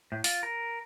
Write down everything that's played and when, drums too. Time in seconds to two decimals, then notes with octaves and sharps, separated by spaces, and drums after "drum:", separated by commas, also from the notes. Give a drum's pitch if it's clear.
0.12 A2
0.24 F4, drum: open hi-hat
0.43 A#4